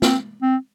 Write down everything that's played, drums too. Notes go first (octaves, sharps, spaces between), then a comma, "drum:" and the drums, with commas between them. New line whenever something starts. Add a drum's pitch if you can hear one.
C4, drum: snare
C4